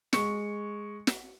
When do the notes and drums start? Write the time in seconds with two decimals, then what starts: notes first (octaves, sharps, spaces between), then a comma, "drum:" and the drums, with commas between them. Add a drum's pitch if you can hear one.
0.13 G#3 C#6 C#7, drum: snare
1.07 drum: snare